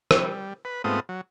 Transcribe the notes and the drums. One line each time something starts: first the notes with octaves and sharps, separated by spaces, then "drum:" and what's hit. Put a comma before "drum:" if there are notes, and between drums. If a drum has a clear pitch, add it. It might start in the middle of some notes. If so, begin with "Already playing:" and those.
G3, drum: rim click
B4
G#2 A3 B3 C4 F4 D#6
F#3